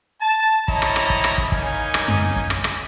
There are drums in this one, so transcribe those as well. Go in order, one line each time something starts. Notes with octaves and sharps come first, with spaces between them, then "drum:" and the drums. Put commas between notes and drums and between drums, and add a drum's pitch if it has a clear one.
A5
C4 E4 C#5 D#5 A5 A#5, drum: kick
drum: rim click
drum: rim click
drum: kick
drum: rim click
drum: kick
A#3 C#4 D#4 G#5, drum: kick
drum: rim click
drum: tom F#2
drum: kick
drum: rim click
drum: rim click